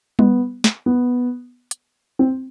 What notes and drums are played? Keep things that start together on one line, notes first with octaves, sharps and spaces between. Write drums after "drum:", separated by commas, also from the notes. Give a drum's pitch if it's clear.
B3, drum: tom G3
drum: snare
B3
drum: hi-hat
C4